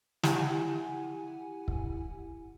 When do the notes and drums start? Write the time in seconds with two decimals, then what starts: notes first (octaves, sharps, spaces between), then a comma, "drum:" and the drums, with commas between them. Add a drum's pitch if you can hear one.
0.23 E4 G4 F#5 G#5, drum: snare
1.68 drum: kick